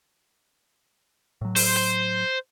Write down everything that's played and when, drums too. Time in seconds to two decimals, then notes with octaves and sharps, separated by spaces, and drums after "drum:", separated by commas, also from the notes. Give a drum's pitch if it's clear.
1.41 A2 F#3
1.56 C5, drum: open hi-hat
1.77 C5